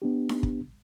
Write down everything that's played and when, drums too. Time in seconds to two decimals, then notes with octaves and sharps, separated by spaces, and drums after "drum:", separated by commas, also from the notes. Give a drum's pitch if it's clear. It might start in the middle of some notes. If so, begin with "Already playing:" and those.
0.02 B3 D4 G4
0.29 drum: snare D#4
0.43 drum: kick